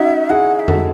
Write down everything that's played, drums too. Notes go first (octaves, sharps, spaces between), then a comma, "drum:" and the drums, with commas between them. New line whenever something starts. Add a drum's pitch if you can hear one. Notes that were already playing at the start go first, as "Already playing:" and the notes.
Already playing: C#4 D#4 F#4 E5
E4 G#4 F#5
F#5
E5
F#4 A4, drum: tom F2